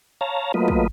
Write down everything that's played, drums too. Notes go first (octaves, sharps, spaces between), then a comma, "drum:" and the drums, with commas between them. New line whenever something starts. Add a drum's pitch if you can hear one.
C#5 F5 A5 A#5
F#3 A3 A#3 F4 B4 D#5
drum: kick